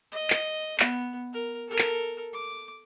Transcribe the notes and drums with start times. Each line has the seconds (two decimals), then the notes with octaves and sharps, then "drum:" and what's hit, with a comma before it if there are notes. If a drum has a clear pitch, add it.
0.12 D#5
0.30 drum: clap
0.80 B3, drum: clap
1.33 A#4
1.68 A4 A#4
1.79 drum: clap
2.34 D6